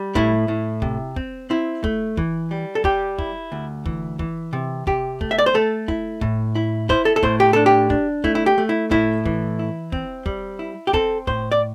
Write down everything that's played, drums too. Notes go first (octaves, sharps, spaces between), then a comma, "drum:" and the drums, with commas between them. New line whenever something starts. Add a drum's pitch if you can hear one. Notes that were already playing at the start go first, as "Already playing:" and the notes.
Already playing: G3
A2 E4, drum: kick
A2
C3, drum: kick
C4, drum: kick
C4 E4
A3, drum: kick
E3, drum: kick
G3
A4
G3 G4, drum: kick
E4, drum: kick
D2
E3, drum: kick
E3, drum: kick
C3
C3 G4, drum: kick
A3, drum: kick
E5
D5
C5
A3 A4
E4, drum: kick
A2, drum: kick
E4
E4 C5, drum: kick
A4
A4
A2 C5, drum: kick
G4
D4 A4
G4
D4, drum: kick
A3 E4, drum: kick
E4
G4
A3
E4
A2 E4, drum: kick
E3, drum: kick
E4
C4, drum: kick
G3, drum: kick
E4
G4
C4 A4, drum: kick
A2 C5, drum: kick
D5